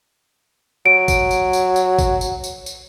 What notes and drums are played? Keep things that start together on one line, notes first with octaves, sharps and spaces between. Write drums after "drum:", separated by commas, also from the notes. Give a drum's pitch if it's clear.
F#3 D7
drum: kick, tambourine
drum: tambourine
drum: tambourine
drum: tambourine
drum: kick, tambourine
drum: tambourine
drum: tambourine
drum: tambourine